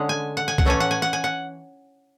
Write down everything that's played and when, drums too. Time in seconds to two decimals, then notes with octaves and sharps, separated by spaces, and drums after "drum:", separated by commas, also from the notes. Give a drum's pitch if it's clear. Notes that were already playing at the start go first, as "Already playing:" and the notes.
Already playing: D3 G#3 C#4 F#5
0.09 G#5
0.37 F#5
0.48 G#5
0.58 F#5, drum: kick C2
0.65 A2 E3 A3 C#4 G#5
0.80 F#5
0.91 G#5
1.02 F#5
1.13 G#5
1.24 F#5